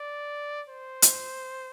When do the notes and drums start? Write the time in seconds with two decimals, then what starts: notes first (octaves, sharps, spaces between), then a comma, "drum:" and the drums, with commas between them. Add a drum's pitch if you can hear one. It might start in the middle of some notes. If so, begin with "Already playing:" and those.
Already playing: D5
0.69 C5
1.02 drum: hi-hat